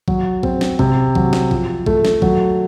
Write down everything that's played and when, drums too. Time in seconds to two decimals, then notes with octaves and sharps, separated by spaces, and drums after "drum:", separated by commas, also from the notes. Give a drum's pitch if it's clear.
0.08 F#3, drum: kick A#1
0.43 C4, drum: kick A#1
0.61 drum: snare
0.79 C3, drum: kick A#1
1.15 F#3, drum: kick A#1
1.33 drum: snare
1.51 F3, drum: kick A#1
1.86 A3, drum: kick A#1
2.05 drum: snare
2.22 F#3, drum: kick A#1